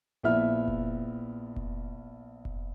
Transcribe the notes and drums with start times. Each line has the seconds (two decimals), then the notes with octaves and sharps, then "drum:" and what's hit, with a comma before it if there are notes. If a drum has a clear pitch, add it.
0.23 A#1 B3 E4 E5 F6
0.68 drum: kick F1
1.56 drum: kick F1
2.45 drum: kick F1